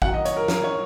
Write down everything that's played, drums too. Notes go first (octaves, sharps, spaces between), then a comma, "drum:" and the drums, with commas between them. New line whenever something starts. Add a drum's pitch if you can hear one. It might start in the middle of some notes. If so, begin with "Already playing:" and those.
F#2 D#3 F#3 F#5, drum: kick A1
D#5
C#5, drum: hi-hat
A#4
A#4, drum: snare
C#5